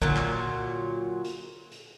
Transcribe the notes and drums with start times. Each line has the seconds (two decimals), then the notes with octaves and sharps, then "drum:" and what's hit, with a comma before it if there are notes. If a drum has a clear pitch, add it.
0.02 A#2 D3 F#3, drum: kick
0.16 drum: clap
1.24 drum: hi-hat
1.72 drum: hi-hat